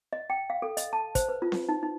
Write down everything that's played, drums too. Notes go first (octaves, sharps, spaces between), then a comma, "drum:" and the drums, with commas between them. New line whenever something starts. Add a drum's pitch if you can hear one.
D#5
G5
F5
A4
D#5, drum: hi-hat
A5
C5, drum: kick, hi-hat
B4
F4
drum: snare C4
D#4
D#4